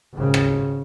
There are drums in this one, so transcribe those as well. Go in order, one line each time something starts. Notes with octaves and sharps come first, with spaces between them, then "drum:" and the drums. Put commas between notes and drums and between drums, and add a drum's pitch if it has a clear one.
G#1 C#3
drum: rim click